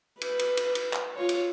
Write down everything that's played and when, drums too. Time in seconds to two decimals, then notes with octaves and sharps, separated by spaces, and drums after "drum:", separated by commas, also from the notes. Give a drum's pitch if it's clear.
0.21 B4, drum: cymbal
0.39 drum: cymbal
0.57 drum: cymbal
0.75 drum: cymbal
0.93 drum: clap
1.16 F4 C#5
1.29 drum: cymbal